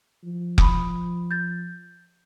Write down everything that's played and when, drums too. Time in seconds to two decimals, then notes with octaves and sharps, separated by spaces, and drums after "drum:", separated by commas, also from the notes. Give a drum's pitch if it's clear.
0.24 F3
0.58 B5 D#6, drum: kick F1
1.31 G6 A6